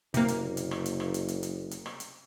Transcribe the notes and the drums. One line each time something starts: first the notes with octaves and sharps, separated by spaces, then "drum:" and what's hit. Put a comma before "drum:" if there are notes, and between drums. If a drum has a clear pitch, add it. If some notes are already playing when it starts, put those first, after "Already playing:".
F#1 C3 A#3, drum: hi-hat
drum: hi-hat
drum: hi-hat
drum: rim click
drum: hi-hat
drum: rim click
drum: hi-hat
drum: hi-hat
drum: hi-hat
drum: hi-hat
drum: rim click
drum: hi-hat